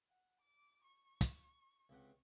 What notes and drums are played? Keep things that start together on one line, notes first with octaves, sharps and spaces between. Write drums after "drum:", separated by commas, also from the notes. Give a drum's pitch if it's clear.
F#5
D6
C#6
drum: kick, hi-hat
C#2 C3 F#5